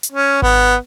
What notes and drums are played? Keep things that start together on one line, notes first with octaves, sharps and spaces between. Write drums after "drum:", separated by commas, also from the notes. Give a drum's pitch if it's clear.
drum: hi-hat
C#4
B3, drum: kick G#1